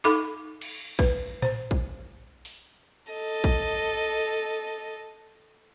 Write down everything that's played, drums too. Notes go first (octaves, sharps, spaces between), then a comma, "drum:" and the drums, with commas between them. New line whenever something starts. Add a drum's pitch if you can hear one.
D#4 A4 B5 D6
drum: cymbal
B4, drum: kick
C5, drum: tom A2
drum: kick
drum: open hi-hat
A4 D#5
drum: kick